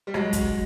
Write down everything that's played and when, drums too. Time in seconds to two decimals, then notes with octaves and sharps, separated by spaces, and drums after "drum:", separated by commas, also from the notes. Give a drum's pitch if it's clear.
0.07 G3
0.14 F#3 G#3, drum: rim click
0.33 drum: kick, hi-hat